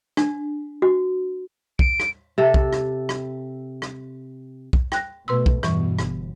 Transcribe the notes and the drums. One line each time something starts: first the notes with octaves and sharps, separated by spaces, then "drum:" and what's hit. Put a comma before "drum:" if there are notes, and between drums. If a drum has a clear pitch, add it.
D4, drum: rim click
F#4
D7, drum: kick
drum: rim click
C3 A4
drum: kick
drum: rim click
drum: rim click
drum: rim click
drum: kick
G5 F#6 A#6, drum: rim click
B2 A3 B4 C6 E6
drum: kick
E2 G2 B2 E3 C#6, drum: rim click
G1, drum: rim click